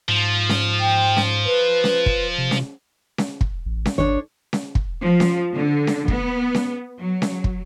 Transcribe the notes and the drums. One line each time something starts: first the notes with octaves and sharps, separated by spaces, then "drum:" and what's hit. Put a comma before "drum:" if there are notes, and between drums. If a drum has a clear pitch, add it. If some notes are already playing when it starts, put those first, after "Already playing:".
G#2 F3
drum: snare C#4
G5
drum: snare C#4
B4
drum: snare C#4
drum: kick
C3
drum: snare C#4
drum: snare C#4
drum: kick
A1
drum: snare C#4
G#1 D4 C#5
drum: snare C#4
drum: kick
F3
drum: snare C#4
D3
drum: snare C#4
B3, drum: kick
drum: snare C#4
F#3
drum: snare C#4
drum: kick